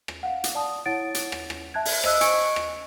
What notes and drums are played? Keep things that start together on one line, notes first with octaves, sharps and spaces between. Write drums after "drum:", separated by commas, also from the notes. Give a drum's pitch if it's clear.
drum: rim click
F5 F#5
drum: hi-hat
D5 A5 D#6
E4 C#5 F#5 A6 D7
drum: hi-hat
drum: rim click
drum: rim click
E5 A5 F#6 G#6
drum: open hi-hat
C5 D#5 E6 F#6, drum: rim click
D#5 G#5 C#6 G#6 C#7 D7, drum: hi-hat
drum: rim click